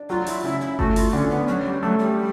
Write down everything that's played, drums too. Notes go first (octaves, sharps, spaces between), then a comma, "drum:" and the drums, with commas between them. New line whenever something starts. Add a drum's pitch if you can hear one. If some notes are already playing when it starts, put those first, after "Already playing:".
Already playing: D4
F#3 F4
E4, drum: open hi-hat
C#3 E4
E4
A3 F#4, drum: kick G1
F4, drum: open hi-hat
D3 C#4
B3
F#3 C#4
G3
F#3 A3
G3